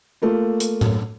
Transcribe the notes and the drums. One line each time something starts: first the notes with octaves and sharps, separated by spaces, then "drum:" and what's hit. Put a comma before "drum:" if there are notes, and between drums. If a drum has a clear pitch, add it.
A3 A#3 F4
drum: hi-hat
drum: tom A2